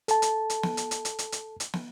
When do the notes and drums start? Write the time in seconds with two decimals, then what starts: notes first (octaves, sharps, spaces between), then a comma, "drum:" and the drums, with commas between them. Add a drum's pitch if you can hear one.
0.08 A4 A5, drum: hi-hat
0.22 drum: hi-hat
0.50 drum: hi-hat
0.63 drum: snare
0.77 drum: hi-hat
0.91 drum: hi-hat
1.05 drum: hi-hat
1.19 drum: hi-hat
1.32 drum: hi-hat
1.60 drum: hi-hat
1.74 drum: snare